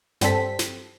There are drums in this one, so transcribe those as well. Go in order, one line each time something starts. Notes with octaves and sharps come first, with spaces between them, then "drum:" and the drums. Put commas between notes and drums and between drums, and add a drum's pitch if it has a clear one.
G2 G3 C4 A4 B6, drum: snare
drum: snare